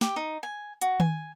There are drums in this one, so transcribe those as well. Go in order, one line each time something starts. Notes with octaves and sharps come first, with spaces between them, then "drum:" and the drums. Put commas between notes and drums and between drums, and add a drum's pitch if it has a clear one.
G4, drum: snare
D#4
G#5
F#4, drum: hi-hat
G#5, drum: tom D#3